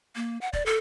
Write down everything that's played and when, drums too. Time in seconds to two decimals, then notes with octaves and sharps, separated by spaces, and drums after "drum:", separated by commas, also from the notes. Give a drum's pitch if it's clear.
0.16 A#3
0.41 F#5
0.53 D5, drum: kick
0.66 A4